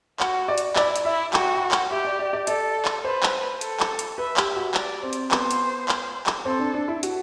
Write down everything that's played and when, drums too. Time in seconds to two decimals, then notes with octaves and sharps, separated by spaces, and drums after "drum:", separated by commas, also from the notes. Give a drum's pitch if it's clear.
0.20 F#4 F#5, drum: clap
0.48 D5
0.58 drum: hi-hat
0.76 E4 D5, drum: clap
0.96 drum: hi-hat
1.05 E4 E5
1.34 F#4 G5, drum: clap
1.56 G5
1.62 F#5
1.71 drum: clap
1.90 G4 E5
2.05 D5
2.19 D5
2.33 D5
2.47 A4 D5, drum: hi-hat
2.85 drum: clap
3.04 B4 C5
3.23 drum: clap
3.61 A4, drum: hi-hat
3.80 drum: clap
3.99 drum: hi-hat
4.18 B4 E5
4.37 G4, drum: clap
4.56 F#4
4.74 G4 D5, drum: clap
5.03 C4
5.13 drum: hi-hat
5.31 B3 C5, drum: clap
5.51 drum: hi-hat
5.89 drum: clap
6.26 drum: clap
6.45 C4 A4
6.59 D4
6.74 D4
6.88 E4
7.03 F#4, drum: hi-hat